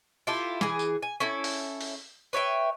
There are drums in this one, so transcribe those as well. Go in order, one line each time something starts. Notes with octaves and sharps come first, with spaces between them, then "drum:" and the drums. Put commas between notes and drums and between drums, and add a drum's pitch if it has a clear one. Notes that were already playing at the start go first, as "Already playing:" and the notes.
E4 F4 G4 A4
E3 G#4, drum: snare
drum: tambourine
G#5
C#4 E4 A4
drum: open hi-hat
drum: open hi-hat
B4 C#5 E5 G5